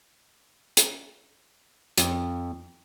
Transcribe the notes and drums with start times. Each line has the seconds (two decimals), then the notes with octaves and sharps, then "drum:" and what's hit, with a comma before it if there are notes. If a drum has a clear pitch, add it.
0.77 drum: hi-hat
1.98 F2, drum: hi-hat